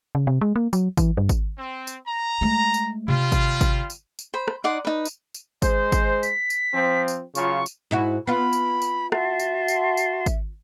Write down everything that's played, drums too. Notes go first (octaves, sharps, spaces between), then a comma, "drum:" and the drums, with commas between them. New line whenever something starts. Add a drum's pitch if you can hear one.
C#3
C3
G#3
A#3
F#3, drum: tambourine
E3, drum: kick G#1, tambourine
G2
drum: kick G#1, tambourine
C4
drum: tambourine
A#5
G#3 A3
drum: tambourine
C3 G3 F4
drum: kick G#1, tambourine
drum: kick G#1, tambourine
drum: tambourine
drum: tambourine
C5 B5
drum: rim click
D#4 D5 F#5 C6
D#4 B4
drum: tambourine
drum: tambourine
G#3 C5, drum: kick G#1, tambourine
drum: kick G#1, tambourine
B6, drum: tambourine
drum: tambourine
F3 C4
drum: tambourine
C#3 F#3 F4 C#6, drum: tambourine
drum: tambourine
G#2 E4 F#4
B3 F4 B5
drum: tambourine
drum: tambourine
F#4 E5 A5 C6, drum: rim click
drum: tambourine
drum: tambourine
drum: tambourine
drum: kick G#1, tambourine